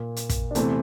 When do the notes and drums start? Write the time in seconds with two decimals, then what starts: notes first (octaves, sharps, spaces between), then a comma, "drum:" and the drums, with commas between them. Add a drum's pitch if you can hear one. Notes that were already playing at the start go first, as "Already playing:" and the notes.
Already playing: A#2 A#3
0.16 drum: hi-hat
0.29 drum: kick, hi-hat
0.51 D4
0.55 E2 C3 E3 A3 C4, drum: hi-hat